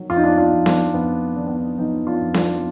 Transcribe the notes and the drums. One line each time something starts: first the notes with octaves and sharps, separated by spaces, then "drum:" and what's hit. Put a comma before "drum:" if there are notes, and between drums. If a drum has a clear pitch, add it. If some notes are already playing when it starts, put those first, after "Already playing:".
Already playing: D#3 F#3
F2 F4
D#4
D4 F4
D4 F4
F2
D4, drum: snare B3
F2 B3
D#3 D4
B3
D4
F#3 B3 D#4
D4 F4
F2
D4 F4, drum: snare B3